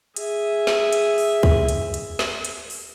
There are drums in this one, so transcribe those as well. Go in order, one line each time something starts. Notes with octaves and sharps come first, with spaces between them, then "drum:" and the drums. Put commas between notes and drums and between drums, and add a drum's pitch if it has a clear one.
G#4 E5, drum: hi-hat
drum: snare
drum: hi-hat
drum: open hi-hat
drum: kick
drum: hi-hat
drum: hi-hat
drum: snare
drum: hi-hat
drum: open hi-hat